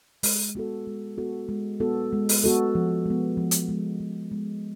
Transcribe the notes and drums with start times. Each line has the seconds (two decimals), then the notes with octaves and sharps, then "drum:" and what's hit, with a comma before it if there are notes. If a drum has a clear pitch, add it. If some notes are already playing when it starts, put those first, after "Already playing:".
0.23 G#3, drum: open hi-hat
0.55 B3 F#4 A4
0.87 G#3
1.18 B3 F#4 A4
1.49 G#3
1.80 B3 F#4 A4
2.12 G#3
2.29 drum: open hi-hat
2.44 B3 F#4 A4
2.75 F3
3.06 G#3 B3
3.37 F3
3.51 drum: hi-hat
3.69 G#3 B3
4.00 F3
4.31 G#3 B3